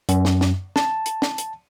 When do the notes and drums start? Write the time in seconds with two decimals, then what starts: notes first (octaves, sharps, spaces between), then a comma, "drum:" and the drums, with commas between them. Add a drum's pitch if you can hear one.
0.09 F#2, drum: hi-hat
0.25 drum: snare
0.41 drum: snare
0.76 A5, drum: snare
1.06 drum: hi-hat
1.22 drum: snare
1.38 drum: hi-hat